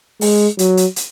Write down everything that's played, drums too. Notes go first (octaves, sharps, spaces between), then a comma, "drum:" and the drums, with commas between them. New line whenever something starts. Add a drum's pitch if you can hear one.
G#3, drum: open hi-hat
F#3, drum: hi-hat
drum: hi-hat
drum: hi-hat